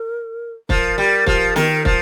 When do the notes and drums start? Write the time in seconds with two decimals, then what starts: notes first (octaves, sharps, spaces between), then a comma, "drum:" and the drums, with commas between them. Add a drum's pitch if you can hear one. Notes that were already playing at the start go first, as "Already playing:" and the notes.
Already playing: A#4
0.69 F3 A#4, drum: kick
0.98 G3
1.26 F3, drum: kick
1.56 D#3, drum: snare
1.85 F3, drum: kick